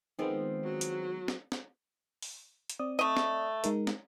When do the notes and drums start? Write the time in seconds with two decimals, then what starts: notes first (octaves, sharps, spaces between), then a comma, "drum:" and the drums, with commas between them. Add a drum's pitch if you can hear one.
0.19 D#3 F3 G#3 B3 C4
0.63 F#3
0.81 drum: hi-hat
1.28 drum: snare
1.52 drum: snare
2.22 drum: open hi-hat
2.70 drum: hi-hat
2.79 C4 D5 D#6
2.99 A3 D#5
3.17 drum: snare
3.64 G#3 D#4 A#4, drum: hi-hat
3.87 drum: snare